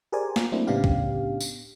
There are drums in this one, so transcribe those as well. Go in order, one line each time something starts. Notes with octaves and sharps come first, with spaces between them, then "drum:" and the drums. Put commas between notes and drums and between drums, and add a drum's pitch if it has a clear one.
G4 G#4 A#4 C5 D5 G#5
drum: snare
F#3 A3 A#3 C4 D4 E4
A2 C#3 B3 D4 G4 F5
drum: kick
drum: tambourine